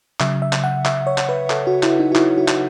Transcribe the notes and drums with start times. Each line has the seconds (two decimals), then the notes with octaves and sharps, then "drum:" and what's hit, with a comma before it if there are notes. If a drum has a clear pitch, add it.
0.20 C#3 F#3 E5, drum: clap
0.42 E5
0.53 drum: clap
0.64 F#5
0.86 E5, drum: clap
1.07 C#5
1.18 drum: clap
1.29 B4
1.50 A4, drum: clap
1.67 F#4
1.83 E4, drum: clap
1.99 D#4
2.12 F#4
2.16 E4, drum: clap
2.38 F#4
2.48 drum: clap